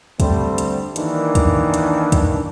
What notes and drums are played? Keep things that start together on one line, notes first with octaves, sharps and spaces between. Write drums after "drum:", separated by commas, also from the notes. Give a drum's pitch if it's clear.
D3 G3 A3 C4 C5, drum: kick, hi-hat
drum: hi-hat
D#3 E3 A#3 D4, drum: hi-hat
drum: kick, hi-hat
drum: hi-hat
drum: kick, hi-hat